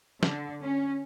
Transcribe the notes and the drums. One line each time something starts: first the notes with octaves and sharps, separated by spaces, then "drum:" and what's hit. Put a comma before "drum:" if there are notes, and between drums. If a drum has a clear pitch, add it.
D3, drum: snare
C#4